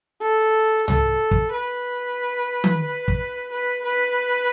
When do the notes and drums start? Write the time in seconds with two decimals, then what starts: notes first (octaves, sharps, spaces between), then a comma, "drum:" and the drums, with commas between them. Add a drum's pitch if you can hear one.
0.22 A4
0.88 A4, drum: tom C2
1.31 drum: kick
1.53 B4
2.64 drum: tom D#3
2.85 B4
3.08 drum: kick
3.52 B4
3.85 B4